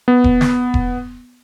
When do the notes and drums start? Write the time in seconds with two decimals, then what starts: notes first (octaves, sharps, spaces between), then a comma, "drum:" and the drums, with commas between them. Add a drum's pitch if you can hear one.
0.08 B3
0.24 drum: kick E1
0.41 drum: snare
0.74 drum: kick E1